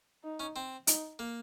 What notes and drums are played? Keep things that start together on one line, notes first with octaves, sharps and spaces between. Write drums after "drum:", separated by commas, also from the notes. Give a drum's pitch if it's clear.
D#4
C#4
C4
D#4, drum: hi-hat
A#3